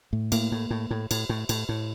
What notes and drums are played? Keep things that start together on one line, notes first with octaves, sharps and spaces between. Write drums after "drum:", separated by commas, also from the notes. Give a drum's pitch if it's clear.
A2
A2 A#3, drum: cymbal
A2
A2
A2
A2, drum: cymbal
A2
A2, drum: cymbal
A2